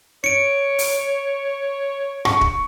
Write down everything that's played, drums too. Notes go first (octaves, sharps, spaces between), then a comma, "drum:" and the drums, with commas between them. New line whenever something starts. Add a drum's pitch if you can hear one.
C#5 C#7 D7
drum: open hi-hat
C#6, drum: rim click
drum: kick